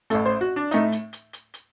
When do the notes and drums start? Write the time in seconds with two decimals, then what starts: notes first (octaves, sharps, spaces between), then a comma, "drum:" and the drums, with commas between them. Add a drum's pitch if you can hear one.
0.10 A1 A2 A3 A4, drum: hi-hat
0.26 C5
0.41 F#4
0.56 D4
0.71 A2 A3 D#4, drum: hi-hat
0.92 drum: hi-hat
1.13 drum: hi-hat
1.33 drum: hi-hat
1.54 drum: hi-hat